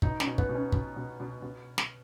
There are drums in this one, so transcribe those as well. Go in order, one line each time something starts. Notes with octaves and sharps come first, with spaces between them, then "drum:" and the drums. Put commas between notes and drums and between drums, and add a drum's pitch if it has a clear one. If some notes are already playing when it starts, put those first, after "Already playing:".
B2 D#4, drum: kick
C#4, drum: snare
B2
B3, drum: kick
B2
C#4
B2, drum: kick
B2
B2
B2
drum: snare